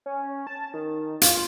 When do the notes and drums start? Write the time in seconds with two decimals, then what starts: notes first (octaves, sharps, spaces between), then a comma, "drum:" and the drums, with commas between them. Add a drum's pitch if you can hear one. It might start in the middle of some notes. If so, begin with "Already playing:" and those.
0.06 C#4
0.47 A5
0.74 D#3
1.21 F4, drum: hi-hat